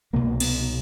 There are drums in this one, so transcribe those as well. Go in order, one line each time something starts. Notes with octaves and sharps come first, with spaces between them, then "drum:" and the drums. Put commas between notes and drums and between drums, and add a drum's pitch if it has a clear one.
C2 B2 A#3
B3, drum: cymbal